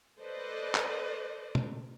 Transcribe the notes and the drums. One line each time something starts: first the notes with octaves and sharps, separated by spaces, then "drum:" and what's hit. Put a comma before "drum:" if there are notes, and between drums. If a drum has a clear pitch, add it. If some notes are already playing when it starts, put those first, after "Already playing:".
A4 B4 C5 D5 D#5
drum: clap
drum: tom